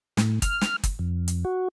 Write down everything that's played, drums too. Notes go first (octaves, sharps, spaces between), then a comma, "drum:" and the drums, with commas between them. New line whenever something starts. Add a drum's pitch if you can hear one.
A2, drum: snare
F6, drum: kick, hi-hat
drum: snare
drum: kick, hi-hat
F2
drum: hi-hat
F#4